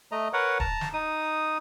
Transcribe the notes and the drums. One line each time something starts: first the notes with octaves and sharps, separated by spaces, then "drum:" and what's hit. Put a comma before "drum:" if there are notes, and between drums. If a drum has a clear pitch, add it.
A3 D#5 A#5
A#4 B4 C#5 F#5
A5 A#5, drum: kick
drum: snare
D#4 D#6